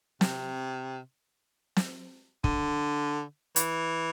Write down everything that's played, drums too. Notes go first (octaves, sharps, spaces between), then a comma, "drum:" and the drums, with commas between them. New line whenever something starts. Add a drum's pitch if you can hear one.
C3, drum: snare
drum: snare
D3, drum: kick
E3, drum: hi-hat